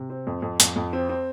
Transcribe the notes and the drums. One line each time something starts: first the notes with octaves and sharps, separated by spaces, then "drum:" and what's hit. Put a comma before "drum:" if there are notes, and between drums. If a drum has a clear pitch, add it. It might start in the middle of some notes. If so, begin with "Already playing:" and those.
Already playing: C3
C4
F2
F2
F2, drum: hi-hat
F2
C4
C4